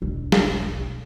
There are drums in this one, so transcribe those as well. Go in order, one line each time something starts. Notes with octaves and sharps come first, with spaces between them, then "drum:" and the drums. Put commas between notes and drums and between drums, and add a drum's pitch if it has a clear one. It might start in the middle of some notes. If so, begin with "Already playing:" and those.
E1 B1
drum: snare